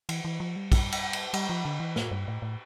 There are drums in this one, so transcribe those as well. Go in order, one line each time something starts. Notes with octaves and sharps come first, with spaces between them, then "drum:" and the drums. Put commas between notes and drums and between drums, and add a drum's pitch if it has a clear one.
E3, drum: cymbal
E3
F3
G3
drum: kick, cymbal
drum: cymbal
drum: cymbal
G3, drum: cymbal
F3
D3
E3
A2, drum: snare
G2
A2
A2